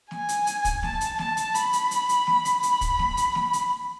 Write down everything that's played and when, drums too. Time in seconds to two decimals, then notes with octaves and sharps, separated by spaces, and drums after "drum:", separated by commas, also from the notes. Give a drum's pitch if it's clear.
0.11 G#5, drum: snare
0.29 drum: hi-hat
0.47 drum: hi-hat
0.65 drum: kick, hi-hat
0.83 A5, drum: snare
1.01 drum: hi-hat
1.19 A5, drum: snare
1.37 drum: hi-hat
1.55 B5, drum: hi-hat
1.73 drum: hi-hat
1.91 drum: hi-hat
2.09 drum: hi-hat
2.27 drum: snare
2.45 drum: hi-hat
2.63 B5, drum: hi-hat
2.81 drum: kick, hi-hat
2.99 drum: snare
3.17 drum: hi-hat
3.35 drum: snare
3.53 drum: hi-hat